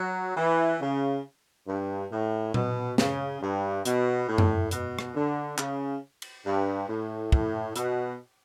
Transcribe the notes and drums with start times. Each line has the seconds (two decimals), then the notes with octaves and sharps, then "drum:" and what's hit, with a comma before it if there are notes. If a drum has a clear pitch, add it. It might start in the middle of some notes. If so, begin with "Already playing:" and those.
Already playing: F#3
0.37 E3
0.81 C#3
1.67 G2
2.11 A2
2.54 B2, drum: tom A#2
2.98 C#3, drum: snare
3.41 G2
3.85 B2, drum: hi-hat
4.29 A2
4.38 drum: tom F2
4.71 B2, drum: hi-hat
4.99 drum: rim click
5.15 D3
5.58 C#3, drum: clap
6.22 drum: cymbal
6.46 G2
6.88 A2
7.32 A2, drum: kick
7.76 B2, drum: hi-hat